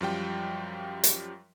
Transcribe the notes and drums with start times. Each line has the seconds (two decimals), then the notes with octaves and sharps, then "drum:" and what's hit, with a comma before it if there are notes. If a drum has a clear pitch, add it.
0.01 F#2 F3 G3 G5
1.04 drum: hi-hat